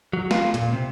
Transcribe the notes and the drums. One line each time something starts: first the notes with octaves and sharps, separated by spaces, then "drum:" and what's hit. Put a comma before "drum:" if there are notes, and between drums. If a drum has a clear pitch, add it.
F#3
F4, drum: snare
A#2, drum: hi-hat
C3